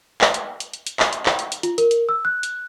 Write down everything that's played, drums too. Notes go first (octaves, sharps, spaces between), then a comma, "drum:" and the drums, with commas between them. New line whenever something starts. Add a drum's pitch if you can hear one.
drum: clap
drum: hi-hat
drum: hi-hat
drum: hi-hat
drum: hi-hat
drum: clap
drum: hi-hat
drum: clap
drum: hi-hat
drum: hi-hat
F4, drum: hi-hat
A#4, drum: hi-hat
drum: hi-hat
E6
F#6
drum: hi-hat